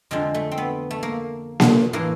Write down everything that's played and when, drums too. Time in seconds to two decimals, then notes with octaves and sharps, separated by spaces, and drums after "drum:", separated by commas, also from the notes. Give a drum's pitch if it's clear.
0.11 F2 D3 F3 G#3
0.34 A3
0.51 C4
0.58 B3
0.91 A3
1.03 A#3
1.60 drum: snare A#3
1.93 A2 E3 A#3